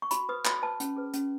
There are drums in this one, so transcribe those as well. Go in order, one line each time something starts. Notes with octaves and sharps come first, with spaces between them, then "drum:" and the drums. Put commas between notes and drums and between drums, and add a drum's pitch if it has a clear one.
C#6
F#4 B5, drum: hi-hat
B4 D#6
F#4 B5, drum: clap
B4 A5
C#4, drum: hi-hat
G#4 B4
C#4, drum: hi-hat